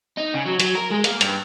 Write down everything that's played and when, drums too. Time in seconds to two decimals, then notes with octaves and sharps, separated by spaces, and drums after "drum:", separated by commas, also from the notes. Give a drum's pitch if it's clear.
0.18 D#4
0.35 C#3
0.46 F#3
0.60 F#3, drum: hi-hat
0.75 A#4
0.91 G#3
1.04 A#3, drum: hi-hat
1.21 G2, drum: hi-hat